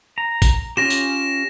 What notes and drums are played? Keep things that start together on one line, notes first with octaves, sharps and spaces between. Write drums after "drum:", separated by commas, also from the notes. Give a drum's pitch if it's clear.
A#5
drum: kick, tambourine
C#4 F4 G4 A#6 E7
drum: tambourine